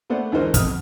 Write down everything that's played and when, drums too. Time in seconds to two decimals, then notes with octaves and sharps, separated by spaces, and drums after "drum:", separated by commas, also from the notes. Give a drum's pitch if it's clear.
0.10 A3 B3 C5 D5 F#5
0.32 D2 G#2 E3 D#4 A#4 C5
0.54 F2 B2 D#6 F6, drum: kick, hi-hat